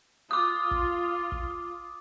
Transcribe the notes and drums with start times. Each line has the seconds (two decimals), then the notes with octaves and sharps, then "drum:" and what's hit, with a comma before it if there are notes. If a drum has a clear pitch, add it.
0.31 F4 D6 D#6
0.71 drum: kick
1.32 drum: kick